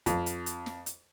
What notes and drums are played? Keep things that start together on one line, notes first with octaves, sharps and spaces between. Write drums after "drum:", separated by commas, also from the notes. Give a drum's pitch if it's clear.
F2, drum: kick, hi-hat
drum: hi-hat
drum: hi-hat
drum: snare
drum: hi-hat